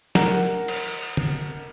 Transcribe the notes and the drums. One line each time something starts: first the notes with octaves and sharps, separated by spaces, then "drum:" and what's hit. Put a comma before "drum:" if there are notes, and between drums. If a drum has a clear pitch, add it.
A#4 F#5 A#5, drum: snare
drum: cymbal
drum: tom